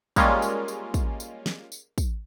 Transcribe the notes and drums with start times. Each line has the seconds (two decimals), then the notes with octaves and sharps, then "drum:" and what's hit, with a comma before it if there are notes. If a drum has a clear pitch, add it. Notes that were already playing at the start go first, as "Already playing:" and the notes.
0.16 G3 G#3 A#3 C#4 F4, drum: kick, tambourine
0.42 drum: tambourine
0.68 drum: tambourine
0.94 drum: kick, tambourine
1.20 drum: tambourine
1.46 drum: snare
1.72 drum: tambourine
1.98 drum: kick, tambourine